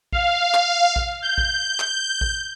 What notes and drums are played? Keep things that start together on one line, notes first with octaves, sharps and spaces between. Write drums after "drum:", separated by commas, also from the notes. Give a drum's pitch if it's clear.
F5, drum: kick A#1
drum: clap
drum: kick A#1
G6
drum: kick A#1
drum: clap
drum: kick A#1